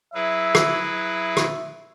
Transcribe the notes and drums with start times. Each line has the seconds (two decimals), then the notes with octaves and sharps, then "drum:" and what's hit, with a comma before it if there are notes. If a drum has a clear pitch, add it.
0.14 F#3 E4 G#4 B4 E5
0.55 drum: rim click
0.95 E5
1.37 drum: rim click